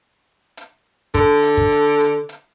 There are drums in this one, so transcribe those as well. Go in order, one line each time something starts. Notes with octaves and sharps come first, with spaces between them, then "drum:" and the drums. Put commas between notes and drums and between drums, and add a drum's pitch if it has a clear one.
drum: hi-hat
D3, drum: kick, hi-hat
drum: hi-hat
drum: kick
drum: hi-hat
drum: hi-hat
drum: hi-hat